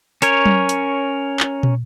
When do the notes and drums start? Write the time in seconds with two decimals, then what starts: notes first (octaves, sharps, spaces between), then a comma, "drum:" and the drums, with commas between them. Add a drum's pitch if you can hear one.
0.22 C#4 A#4 C#5, drum: hi-hat
0.46 drum: tom F#3
0.69 drum: hi-hat
1.40 drum: clap
1.63 drum: tom